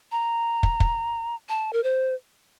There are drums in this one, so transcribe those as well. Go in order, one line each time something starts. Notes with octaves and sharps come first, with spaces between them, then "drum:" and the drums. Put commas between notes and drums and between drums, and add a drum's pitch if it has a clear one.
A#5
drum: kick
drum: kick
A5
A#4
C5